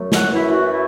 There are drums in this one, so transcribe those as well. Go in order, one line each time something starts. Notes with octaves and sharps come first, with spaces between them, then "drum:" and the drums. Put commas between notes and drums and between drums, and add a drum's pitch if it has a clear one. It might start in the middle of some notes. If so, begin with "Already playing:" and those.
Already playing: F#2 F#3 A3
F#5, drum: snare
F#2 E3 A3 E4
F#4
E4